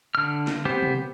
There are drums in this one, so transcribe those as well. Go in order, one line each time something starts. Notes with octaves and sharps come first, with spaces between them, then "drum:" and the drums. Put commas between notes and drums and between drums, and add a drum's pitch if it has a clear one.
D3 F6
drum: snare
B3 C4 G4 C5
drum: tom